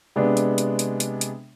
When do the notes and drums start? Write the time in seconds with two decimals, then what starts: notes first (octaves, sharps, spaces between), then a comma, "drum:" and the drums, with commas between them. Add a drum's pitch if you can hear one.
0.16 C3 G#3 B3 D4
0.37 drum: hi-hat
0.58 drum: hi-hat
0.79 drum: hi-hat
1.00 drum: hi-hat
1.21 drum: hi-hat